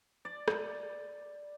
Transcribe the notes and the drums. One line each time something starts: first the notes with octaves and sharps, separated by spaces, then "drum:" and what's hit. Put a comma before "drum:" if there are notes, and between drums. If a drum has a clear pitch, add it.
D5
drum: rim click